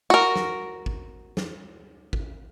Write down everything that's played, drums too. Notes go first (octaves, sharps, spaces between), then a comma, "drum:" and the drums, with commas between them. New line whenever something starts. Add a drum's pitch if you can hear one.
F#4 A#4
drum: snare
drum: kick G#1
drum: snare
drum: kick G#1